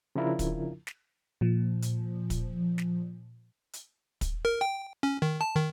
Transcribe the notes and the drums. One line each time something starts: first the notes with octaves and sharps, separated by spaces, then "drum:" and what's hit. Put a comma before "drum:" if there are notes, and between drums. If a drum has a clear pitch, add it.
C#3 F3 D4 E4 F4 A#4
drum: kick, hi-hat
drum: snare
A#2 F3
drum: hi-hat
drum: kick, hi-hat
drum: snare
drum: hi-hat
drum: kick, hi-hat
A#4
G5
C#4
D#3
A5
D#3